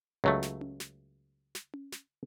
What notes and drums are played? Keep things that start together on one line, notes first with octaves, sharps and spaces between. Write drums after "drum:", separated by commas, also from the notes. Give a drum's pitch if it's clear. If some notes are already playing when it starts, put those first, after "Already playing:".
C#2 F#3 A3
drum: snare
drum: tom C#4
drum: snare
drum: snare
drum: tom C#4
drum: snare